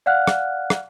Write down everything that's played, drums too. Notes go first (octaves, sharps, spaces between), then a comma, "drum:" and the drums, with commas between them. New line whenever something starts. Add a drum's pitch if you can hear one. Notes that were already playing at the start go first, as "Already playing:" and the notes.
D5 F5 F#5 F6 F#6
drum: rim click
drum: rim click